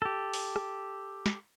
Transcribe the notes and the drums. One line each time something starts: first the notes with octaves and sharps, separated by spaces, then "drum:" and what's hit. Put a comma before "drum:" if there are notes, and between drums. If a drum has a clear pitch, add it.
G4 A4
drum: open hi-hat
drum: rim click
drum: snare